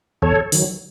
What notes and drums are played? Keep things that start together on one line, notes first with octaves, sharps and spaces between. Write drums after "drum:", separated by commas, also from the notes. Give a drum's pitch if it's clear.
E2 A4 C#5
D#3 F#3, drum: open hi-hat